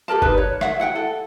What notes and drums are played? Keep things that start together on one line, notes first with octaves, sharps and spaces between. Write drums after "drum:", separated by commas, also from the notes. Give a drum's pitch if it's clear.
G4 A4 A#4 A5
D#4 B4, drum: kick F#1
C#5
E5 F#5, drum: rim click
E4 F#5 G5
A4